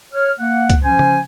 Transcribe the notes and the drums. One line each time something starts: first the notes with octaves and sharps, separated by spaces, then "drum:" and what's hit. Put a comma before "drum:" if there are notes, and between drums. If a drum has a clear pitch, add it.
C#5 F6
A#3 F#5
drum: kick C#2, hi-hat
F3 C#4 C5 G#5
drum: tom C#3